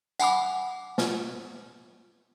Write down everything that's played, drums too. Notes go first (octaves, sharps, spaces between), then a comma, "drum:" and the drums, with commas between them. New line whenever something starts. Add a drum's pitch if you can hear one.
F#5 G#5 B5 D6, drum: tambourine
drum: snare